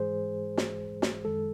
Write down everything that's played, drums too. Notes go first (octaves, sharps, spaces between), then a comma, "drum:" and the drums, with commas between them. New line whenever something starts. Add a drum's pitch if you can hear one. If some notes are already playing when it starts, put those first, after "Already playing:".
Already playing: G#2 E3 G#3 G#4 C5
drum: snare
drum: snare
F#2 D#3 G#3 A4